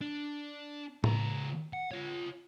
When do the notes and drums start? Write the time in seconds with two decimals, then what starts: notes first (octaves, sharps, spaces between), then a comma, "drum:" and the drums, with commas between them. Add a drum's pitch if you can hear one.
0.01 D4
1.04 C#2 A#5, drum: tom A2
1.73 F#5
1.91 F4 C#5